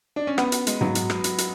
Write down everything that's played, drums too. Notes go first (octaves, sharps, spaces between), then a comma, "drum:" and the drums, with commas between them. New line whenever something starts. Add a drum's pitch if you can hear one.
D4
C#4
B3, drum: rim click
drum: hi-hat
G#3, drum: hi-hat
F#3, drum: tom G#2
drum: hi-hat
drum: rim click
drum: hi-hat
drum: hi-hat